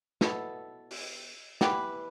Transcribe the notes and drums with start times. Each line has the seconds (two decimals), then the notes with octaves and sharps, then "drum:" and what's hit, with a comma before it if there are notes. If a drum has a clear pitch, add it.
0.21 B2 B3 E4 A4, drum: snare
0.91 drum: open hi-hat
1.61 E3 B3 G4 B4, drum: snare